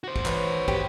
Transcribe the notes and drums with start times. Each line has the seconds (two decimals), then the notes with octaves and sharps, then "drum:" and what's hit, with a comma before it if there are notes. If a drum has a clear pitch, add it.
0.04 F#4 C5
0.16 drum: kick
0.26 E3 B4 C#5, drum: clap
0.68 G4, drum: kick